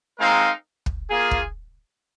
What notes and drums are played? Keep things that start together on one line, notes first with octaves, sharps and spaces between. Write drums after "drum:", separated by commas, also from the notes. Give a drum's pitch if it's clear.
G#3 C4 D#4 A#4 F5
drum: kick
A#3 F4 G#4
drum: kick